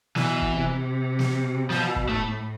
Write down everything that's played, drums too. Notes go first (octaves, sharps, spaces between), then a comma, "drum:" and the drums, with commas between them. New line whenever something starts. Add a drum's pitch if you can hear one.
B2 E3, drum: snare
drum: kick
C3
drum: snare
B2 F3, drum: snare
drum: kick
A2 A3